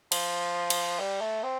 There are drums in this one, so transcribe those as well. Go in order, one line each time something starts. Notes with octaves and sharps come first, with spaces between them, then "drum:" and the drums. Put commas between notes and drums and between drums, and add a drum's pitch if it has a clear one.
F3, drum: cymbal
drum: cymbal
G3
A3
C4